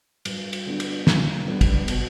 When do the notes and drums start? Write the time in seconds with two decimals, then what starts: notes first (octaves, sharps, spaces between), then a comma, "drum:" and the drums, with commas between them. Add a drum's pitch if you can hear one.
0.25 G2, drum: cymbal
0.53 drum: cymbal
0.66 D3 G3 B3 D4
0.80 drum: cymbal
1.07 G2, drum: snare
1.47 D3 G3 B3 D4
1.61 drum: kick, cymbal
1.88 B2, drum: cymbal